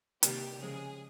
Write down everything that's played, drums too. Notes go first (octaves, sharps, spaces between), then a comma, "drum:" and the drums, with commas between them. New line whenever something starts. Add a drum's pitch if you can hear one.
C3 D#3 G3 A#3 G4, drum: hi-hat
C#3 F3 G#3 G#4